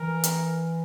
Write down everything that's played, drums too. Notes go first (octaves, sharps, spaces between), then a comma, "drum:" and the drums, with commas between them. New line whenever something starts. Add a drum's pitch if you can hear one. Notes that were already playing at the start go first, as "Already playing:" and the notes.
Already playing: E3 A#4
drum: hi-hat